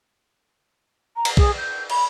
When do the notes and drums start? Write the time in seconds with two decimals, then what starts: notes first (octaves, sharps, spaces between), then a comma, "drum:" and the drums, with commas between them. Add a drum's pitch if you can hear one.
1.16 A#5
1.25 drum: cymbal
1.37 G#4, drum: kick B1
1.57 G6
1.90 B5, drum: cymbal